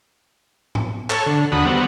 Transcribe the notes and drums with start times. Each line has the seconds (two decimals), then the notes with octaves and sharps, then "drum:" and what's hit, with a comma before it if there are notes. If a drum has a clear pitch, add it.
0.75 drum: tom G#2
1.10 A4 C#5, drum: clap
1.26 D3
1.52 D#2 D3 F#4 B5 D#6
1.65 G3 B3 C4 F#4